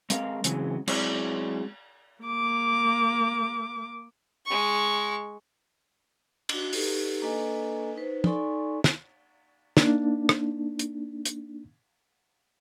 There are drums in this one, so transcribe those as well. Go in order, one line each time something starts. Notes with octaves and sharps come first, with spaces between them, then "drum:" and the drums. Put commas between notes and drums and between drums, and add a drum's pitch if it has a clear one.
G#3 C4 A#4 F5, drum: hi-hat
C#3 E3 F#3 G#3 C4, drum: hi-hat
F#3 G#3 C4 E4 C#5 D5, drum: cymbal
A#3 D6
G#3 C#6
D4 F#4, drum: cymbal
D#4 G4 A4 B4, drum: open hi-hat
A#3 D4 A4 B4 D#5 G#5
D#4 B4 C5
D#4 A4 D5 G#5 C6 C#6, drum: tom
drum: snare
A#3 D4 D#4, drum: snare
drum: rim click
drum: hi-hat
drum: hi-hat